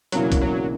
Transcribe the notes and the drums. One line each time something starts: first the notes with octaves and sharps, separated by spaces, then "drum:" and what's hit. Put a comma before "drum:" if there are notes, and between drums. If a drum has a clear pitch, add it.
E1 E2 C#3 E3 F#3 A#3, drum: hi-hat
drum: kick B1, hi-hat
F#3